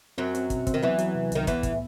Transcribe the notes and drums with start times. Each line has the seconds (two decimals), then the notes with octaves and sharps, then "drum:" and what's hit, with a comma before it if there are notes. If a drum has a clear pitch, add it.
0.18 F#2 F#3 C4
0.35 C4, drum: hi-hat
0.50 B2, drum: kick, hi-hat
0.67 C4, drum: kick, hi-hat
0.74 D#3
0.82 E2 E3 F#3
0.98 F#3, drum: hi-hat
1.15 C3
1.32 C2 D#3, drum: hi-hat
1.47 E2 E3 B3, drum: kick, hi-hat
1.63 A2, drum: kick, hi-hat